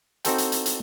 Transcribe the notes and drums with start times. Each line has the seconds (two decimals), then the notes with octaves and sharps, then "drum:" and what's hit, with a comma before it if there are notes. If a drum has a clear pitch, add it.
0.25 C4 D#4 F#4 A4 C5 G5, drum: hi-hat
0.38 drum: hi-hat
0.52 drum: hi-hat
0.66 drum: hi-hat